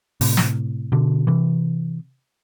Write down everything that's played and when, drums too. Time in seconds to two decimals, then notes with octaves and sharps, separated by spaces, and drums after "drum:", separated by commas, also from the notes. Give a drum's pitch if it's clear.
0.21 A2 C3, drum: open hi-hat
0.37 drum: snare
0.92 B2 D3
1.27 C3 E3